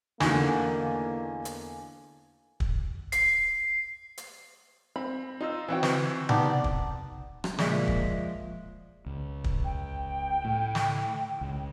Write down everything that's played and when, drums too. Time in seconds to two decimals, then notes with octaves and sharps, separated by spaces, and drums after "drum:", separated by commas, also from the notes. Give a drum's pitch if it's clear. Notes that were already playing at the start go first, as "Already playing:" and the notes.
0.20 E2 D3 E3 A3 A#3 D#4 F#4 G#5, drum: snare
1.45 drum: hi-hat
2.60 drum: kick
3.12 C7, drum: hi-hat
4.18 drum: hi-hat
4.96 C4 B5
5.41 D#4 F4 D#5 E6
5.69 E3 C4 F#4 B4 F#5 G5
5.83 drum: snare
6.29 D#3 B3 G4 D5 A5, drum: tom C3
6.64 drum: kick
7.44 drum: rim click
7.58 A#2 F3 G#3 D5 E5 B6, drum: snare
7.88 drum: kick
9.06 C#2
9.44 drum: kick
9.65 G5
10.45 A2
10.75 drum: snare
11.41 C#2